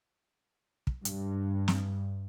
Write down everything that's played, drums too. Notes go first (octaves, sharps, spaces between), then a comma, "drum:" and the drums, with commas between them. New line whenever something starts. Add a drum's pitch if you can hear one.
drum: kick
G2, drum: hi-hat
drum: snare